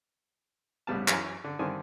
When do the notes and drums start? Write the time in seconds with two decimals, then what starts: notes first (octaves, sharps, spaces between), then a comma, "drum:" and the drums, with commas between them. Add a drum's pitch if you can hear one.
0.87 C2 A2 C#3 G3 B3 A5
1.08 F#2 E3 C#4 F5 G#5 A#5, drum: clap
1.44 D3
1.59 G2 D3 D#3 C4 G#5